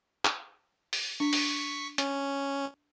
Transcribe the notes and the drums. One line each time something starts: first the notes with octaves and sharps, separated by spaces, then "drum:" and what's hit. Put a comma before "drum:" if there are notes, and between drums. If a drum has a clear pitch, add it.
drum: clap
drum: open hi-hat
D4 C#6 B6
drum: open hi-hat
C#4, drum: hi-hat